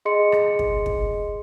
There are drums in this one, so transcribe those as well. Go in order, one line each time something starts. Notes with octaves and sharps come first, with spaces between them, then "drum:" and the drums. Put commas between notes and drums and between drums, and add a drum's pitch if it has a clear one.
G#4 D#5 C6 C#7
drum: rim click
drum: kick
drum: kick